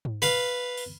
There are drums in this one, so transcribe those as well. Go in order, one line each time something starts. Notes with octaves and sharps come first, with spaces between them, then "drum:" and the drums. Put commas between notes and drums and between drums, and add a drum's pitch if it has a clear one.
drum: tom G#2
B4 F5
drum: open hi-hat